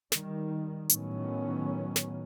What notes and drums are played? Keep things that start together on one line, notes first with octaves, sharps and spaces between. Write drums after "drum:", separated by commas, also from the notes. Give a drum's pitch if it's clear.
D#3 G3, drum: snare
A2 D#3 F#3 B3 C#4, drum: hi-hat
drum: snare